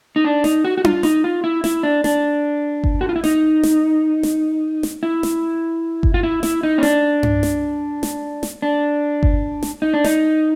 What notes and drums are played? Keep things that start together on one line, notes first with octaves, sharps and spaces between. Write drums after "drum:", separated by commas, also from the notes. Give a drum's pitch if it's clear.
D#4
D4
D#4, drum: snare
F#4
F#4
F4, drum: tom D4
D#4, drum: snare
F4
E4
E4, drum: snare
D4
D4, drum: snare
drum: kick G1
F#4
F4
E4
D#4, drum: snare
drum: snare
drum: snare
drum: snare
E4
drum: snare
drum: kick G1
F4
E4
E4, drum: snare
D#4
C#4
D4, drum: snare
drum: tom G2
drum: snare
drum: snare
drum: snare
D4
drum: kick G1
drum: snare
D#4
D4
D#4, drum: snare